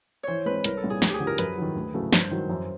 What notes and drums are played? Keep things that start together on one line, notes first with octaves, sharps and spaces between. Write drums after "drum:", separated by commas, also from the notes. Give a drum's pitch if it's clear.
E3 C5 C#5
G#3 C4 B4
C2 A#4, drum: hi-hat
A4
A#2 G3 C4 F4
G#4
D2, drum: snare
G4 G#4
D3 F3
A#4
F#2 B4, drum: hi-hat
D#3 F#3
D2
C#3 F#3 A3
G2 C5, drum: snare
D#3 F#3
F#2